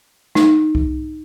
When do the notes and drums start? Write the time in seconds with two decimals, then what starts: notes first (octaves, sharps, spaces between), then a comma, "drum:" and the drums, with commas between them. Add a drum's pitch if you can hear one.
0.35 D#4, drum: snare
0.75 drum: kick C2